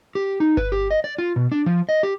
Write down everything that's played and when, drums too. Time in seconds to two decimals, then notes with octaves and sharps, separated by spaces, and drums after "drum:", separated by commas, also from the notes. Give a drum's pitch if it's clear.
0.15 G4
0.40 D#4
0.57 B4, drum: kick G1
0.72 G4
0.91 D#5
1.04 D5
1.18 F4
1.36 B2
1.52 D4
1.66 F3
1.89 D#5
2.03 G4